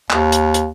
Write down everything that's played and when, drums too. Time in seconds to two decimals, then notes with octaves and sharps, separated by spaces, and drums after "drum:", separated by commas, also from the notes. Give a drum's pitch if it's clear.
0.10 D#2, drum: clap
0.32 drum: hi-hat
0.54 drum: hi-hat